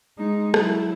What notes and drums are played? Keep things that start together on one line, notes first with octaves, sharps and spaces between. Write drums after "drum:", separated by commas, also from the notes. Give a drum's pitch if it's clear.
G#3 D#4
F#3 E4, drum: rim click